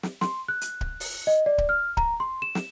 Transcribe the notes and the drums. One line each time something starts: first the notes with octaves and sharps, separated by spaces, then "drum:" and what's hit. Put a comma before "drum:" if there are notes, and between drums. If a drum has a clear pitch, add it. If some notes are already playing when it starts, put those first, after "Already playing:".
drum: snare
C6, drum: snare
F#6
drum: hi-hat
drum: kick D1
drum: open hi-hat
D#5
D5
drum: kick D1
F6
A#5, drum: kick D1
C6
E7
drum: snare